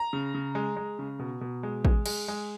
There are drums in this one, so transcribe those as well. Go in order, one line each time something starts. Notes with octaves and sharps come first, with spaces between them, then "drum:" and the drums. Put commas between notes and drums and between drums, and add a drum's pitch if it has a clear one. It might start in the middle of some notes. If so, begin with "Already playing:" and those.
Already playing: A#5
C#3
C#3
G#3
G#3
C#3
B2
B2
G#3
G#3, drum: kick A1
G#3, drum: cymbal
G#3